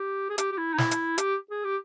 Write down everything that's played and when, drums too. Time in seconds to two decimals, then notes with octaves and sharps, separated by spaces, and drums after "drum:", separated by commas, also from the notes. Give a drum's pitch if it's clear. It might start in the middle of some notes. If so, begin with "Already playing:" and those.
Already playing: G4
0.30 G#4
0.38 G4, drum: hi-hat
0.52 G4
0.58 E4
0.74 D#4
0.78 E4, drum: snare
0.91 drum: hi-hat
1.18 G4, drum: hi-hat
1.51 G#4
1.64 G4